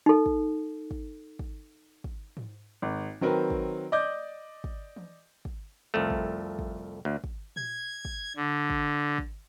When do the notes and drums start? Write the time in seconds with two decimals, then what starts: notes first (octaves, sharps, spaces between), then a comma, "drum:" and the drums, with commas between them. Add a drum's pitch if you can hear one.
0.06 D#4 A4
0.26 drum: kick
0.91 drum: kick
1.39 drum: kick
2.04 drum: kick
2.37 drum: tom G#2
2.82 G#1
3.21 D#3 F#3 C4 A#4 B4
3.50 drum: kick
3.92 D5 D#5 D6 G6
4.64 drum: kick
4.96 drum: tom E3
5.45 drum: kick
5.94 C2 F2 A3
6.10 drum: kick
6.59 drum: kick
7.05 D2
7.24 drum: kick
7.56 G#6, drum: tom A#2
8.05 drum: kick
8.37 D3
8.70 drum: kick
9.18 drum: kick